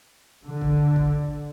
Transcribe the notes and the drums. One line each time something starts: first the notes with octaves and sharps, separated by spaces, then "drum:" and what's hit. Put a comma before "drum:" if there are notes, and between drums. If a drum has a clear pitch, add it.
D3
drum: kick
drum: kick